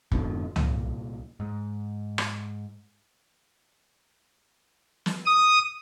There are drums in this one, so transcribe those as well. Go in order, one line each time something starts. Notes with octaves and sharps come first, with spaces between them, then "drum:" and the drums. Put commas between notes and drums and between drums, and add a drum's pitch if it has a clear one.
F2 G#2 B2 D3, drum: kick
C2 A#2, drum: tom C2
G#2
drum: rim click
drum: snare
D#6